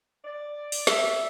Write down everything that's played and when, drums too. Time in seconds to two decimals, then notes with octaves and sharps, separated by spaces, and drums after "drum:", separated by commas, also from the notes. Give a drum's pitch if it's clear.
0.25 D5
0.72 drum: open hi-hat
0.87 E5, drum: snare